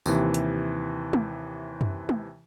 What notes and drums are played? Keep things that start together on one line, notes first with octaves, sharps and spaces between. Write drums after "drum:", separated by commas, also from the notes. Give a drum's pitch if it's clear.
D#2 C3 E3, drum: tambourine
drum: hi-hat
drum: tom
drum: tom F#2
drum: tom